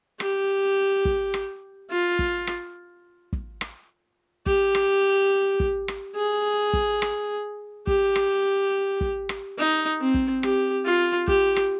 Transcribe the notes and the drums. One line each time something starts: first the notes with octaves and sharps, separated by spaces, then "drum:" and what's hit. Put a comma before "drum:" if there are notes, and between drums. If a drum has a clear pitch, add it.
G4, drum: rim click
drum: kick
drum: rim click
F4
drum: kick
drum: rim click
drum: kick
drum: rim click
G4, drum: kick
drum: rim click
drum: kick
drum: rim click
G#4
drum: kick
drum: rim click
G4, drum: kick
drum: rim click
drum: kick
drum: rim click
D#4
C4
drum: kick
G4, drum: rim click
F4
G4, drum: kick
drum: rim click